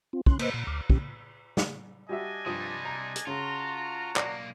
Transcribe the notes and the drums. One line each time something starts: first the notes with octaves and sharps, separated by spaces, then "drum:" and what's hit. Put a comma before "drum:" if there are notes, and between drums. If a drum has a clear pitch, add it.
C4 F4
C#4 C6 F#6, drum: kick
A#3 B4 C5 D#5, drum: cymbal
A#2
D2 D6 F6
A#2 D3 C#4 G4, drum: kick
drum: snare
G3 D4 F#4 D#5 E5 G#5
G2 C3 F3 G3 D#6
A#5
drum: hi-hat
C#3 F4 F#4 A5 A#5
B1 A#3 D5, drum: clap